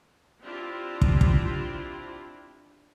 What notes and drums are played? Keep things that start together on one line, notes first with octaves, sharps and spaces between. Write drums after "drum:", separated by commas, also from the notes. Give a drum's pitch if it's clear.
C4 D4 E4 F4 G4
drum: kick
drum: kick